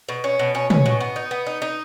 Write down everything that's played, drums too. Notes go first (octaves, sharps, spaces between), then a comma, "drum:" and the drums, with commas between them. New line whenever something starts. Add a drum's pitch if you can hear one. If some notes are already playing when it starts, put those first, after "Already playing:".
B2
C#4
B2
C#4
C#4, drum: tom
B2
B3
D#4
B3
D#4
D#4